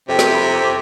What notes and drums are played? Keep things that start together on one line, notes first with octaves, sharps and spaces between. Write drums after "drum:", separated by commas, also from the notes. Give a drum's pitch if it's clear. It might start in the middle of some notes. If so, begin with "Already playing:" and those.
F2 C3 C5 E5 G5
drum: snare
A#5 B5
C4 A4 D6